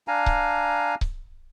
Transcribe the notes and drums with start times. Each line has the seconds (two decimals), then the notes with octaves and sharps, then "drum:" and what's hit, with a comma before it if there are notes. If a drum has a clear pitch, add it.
0.08 D4 F5 G#5 A#5
0.26 drum: kick C#1
1.01 drum: kick C#1